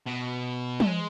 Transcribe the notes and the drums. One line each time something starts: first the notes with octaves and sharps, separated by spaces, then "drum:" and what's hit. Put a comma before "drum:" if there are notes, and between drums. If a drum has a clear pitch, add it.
B2
A3, drum: tom
G#3